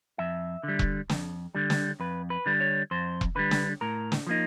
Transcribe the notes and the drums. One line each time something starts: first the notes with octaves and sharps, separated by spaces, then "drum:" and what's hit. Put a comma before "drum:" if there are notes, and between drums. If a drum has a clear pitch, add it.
F2 E5
D3 G3
drum: kick E1
F2, drum: snare
D3 G3
drum: snare
F2 B4
B4
D3 G3
C#5
F2 C5
drum: kick E1
D3 G3 B4
drum: snare
A2 A#4
drum: snare
F3 A#3 D#4